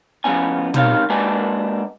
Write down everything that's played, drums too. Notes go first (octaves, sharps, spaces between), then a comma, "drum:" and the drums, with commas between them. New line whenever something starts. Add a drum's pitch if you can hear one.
A2 F3 A#3 B3 C#4 G#5
C#2 C3 D#3 C#5 F5, drum: tom
G#3 A#3 D4 F#4 B4 G#5